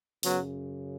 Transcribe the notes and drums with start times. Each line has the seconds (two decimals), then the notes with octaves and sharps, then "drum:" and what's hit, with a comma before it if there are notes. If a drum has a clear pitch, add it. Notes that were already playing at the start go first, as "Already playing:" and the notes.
0.23 F#2 C#3 F#3 B3, drum: open hi-hat